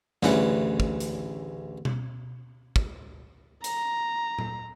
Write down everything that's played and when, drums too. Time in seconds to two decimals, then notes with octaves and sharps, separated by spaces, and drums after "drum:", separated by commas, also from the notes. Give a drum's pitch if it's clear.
0.23 A1 D2 C#3 E3 F#5, drum: snare
0.80 drum: kick
1.00 drum: hi-hat
1.85 drum: tom B2
2.76 drum: kick
3.64 A#5, drum: hi-hat
4.39 drum: tom A#2